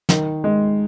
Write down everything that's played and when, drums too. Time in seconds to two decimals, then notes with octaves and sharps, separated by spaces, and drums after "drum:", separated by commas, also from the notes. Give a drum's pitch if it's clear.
0.09 D#3, drum: snare
0.44 G#3